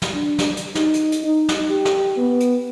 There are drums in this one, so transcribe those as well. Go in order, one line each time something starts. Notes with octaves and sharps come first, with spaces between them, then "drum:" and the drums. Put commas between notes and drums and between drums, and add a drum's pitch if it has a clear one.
drum: snare
D4
drum: snare
drum: hi-hat
D#4, drum: snare
drum: hi-hat
drum: hi-hat
D#4
drum: snare
G4
drum: snare
B3
drum: hi-hat